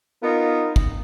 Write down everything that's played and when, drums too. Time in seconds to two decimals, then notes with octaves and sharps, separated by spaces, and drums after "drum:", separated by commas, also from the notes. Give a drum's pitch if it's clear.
0.23 B3 D#4 F4 A#4
0.76 drum: kick